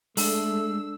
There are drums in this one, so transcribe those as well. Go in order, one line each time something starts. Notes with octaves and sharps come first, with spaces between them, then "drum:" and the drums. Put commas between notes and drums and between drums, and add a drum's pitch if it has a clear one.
G#3 A3 D4 A4 E6, drum: open hi-hat